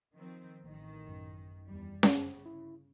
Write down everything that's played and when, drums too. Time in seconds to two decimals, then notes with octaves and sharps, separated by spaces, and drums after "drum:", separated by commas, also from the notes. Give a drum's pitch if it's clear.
0.14 D#3 F3 C4
0.62 A1 D#3
1.08 F#2
1.68 E2 G3
2.03 G1 C#3, drum: snare C#4
2.46 E4